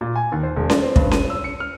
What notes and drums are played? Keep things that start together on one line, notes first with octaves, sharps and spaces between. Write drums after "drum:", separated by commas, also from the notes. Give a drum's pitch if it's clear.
A#2
G#5
D#2
C5
E1
D5, drum: snare C#4
C4
G2, drum: kick
D#7, drum: snare C#4
E6
C#7
F6